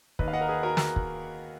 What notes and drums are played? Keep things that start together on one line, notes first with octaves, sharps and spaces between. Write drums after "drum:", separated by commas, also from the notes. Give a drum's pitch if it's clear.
D#2 D#3 B4 D#5, drum: kick
F5
D#5 F#5
A#4
G#4 B4
F#4 A#4
drum: snare
drum: kick